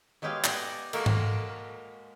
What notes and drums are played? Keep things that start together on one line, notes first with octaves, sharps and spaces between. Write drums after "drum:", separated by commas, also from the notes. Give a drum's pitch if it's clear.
F#3 G#3 B3 G4 G#4 F5
G4 D5 D#5 F#5 G#5 A5, drum: clap
G#3 A#3 F#4 A4 A#4, drum: cymbal
drum: tom G#2